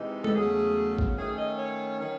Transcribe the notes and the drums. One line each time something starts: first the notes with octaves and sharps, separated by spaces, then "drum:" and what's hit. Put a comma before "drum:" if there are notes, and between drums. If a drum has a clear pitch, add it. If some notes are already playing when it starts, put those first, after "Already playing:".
Already playing: C3 E3 G#3 D#4
A4, drum: tom G#3
E2 C#3 F#3 A3 G#4
drum: kick A1
D#3 A3 C#4 G#4
D#5
C#5
D#3 F#3 C#4